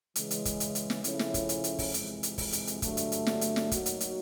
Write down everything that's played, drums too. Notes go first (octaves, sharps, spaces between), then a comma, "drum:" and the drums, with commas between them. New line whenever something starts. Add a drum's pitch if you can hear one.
C#3 E3 G#3, drum: hi-hat
drum: hi-hat
drum: kick, hi-hat
drum: hi-hat
drum: hi-hat
drum: snare
C#3 F3 A3 C#4 E4, drum: hi-hat
drum: snare
drum: kick, hi-hat
drum: hi-hat
drum: hi-hat
drum: kick, open hi-hat
F2 C3 E3 G#3, drum: hi-hat
drum: hi-hat
drum: kick, open hi-hat
drum: hi-hat
drum: hi-hat
G2 D3 F#3 A3, drum: kick, hi-hat
drum: hi-hat
drum: hi-hat
drum: snare
drum: hi-hat
drum: snare
F#3 A#3 D#4 F#4, drum: kick, hi-hat
drum: hi-hat
drum: hi-hat